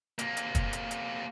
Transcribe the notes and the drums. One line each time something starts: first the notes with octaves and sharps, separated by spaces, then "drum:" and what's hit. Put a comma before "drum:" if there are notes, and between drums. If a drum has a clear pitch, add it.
C3 A#3, drum: hi-hat
drum: hi-hat
drum: kick, hi-hat
drum: hi-hat
drum: hi-hat